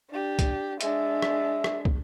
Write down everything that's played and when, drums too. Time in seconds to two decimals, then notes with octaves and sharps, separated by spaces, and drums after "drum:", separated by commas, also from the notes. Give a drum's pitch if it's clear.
0.10 D4 G4
0.39 drum: kick, hi-hat
0.81 G#3 D4 E5, drum: hi-hat
1.22 drum: rim click
1.64 drum: rim click
1.85 drum: kick